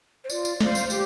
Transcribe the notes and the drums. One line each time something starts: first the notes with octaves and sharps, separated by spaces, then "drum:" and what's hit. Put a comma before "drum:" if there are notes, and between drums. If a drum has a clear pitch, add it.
C5
F4 D5, drum: tambourine
drum: tambourine
C5 F5, drum: snare
drum: tambourine
G4 C5, drum: tambourine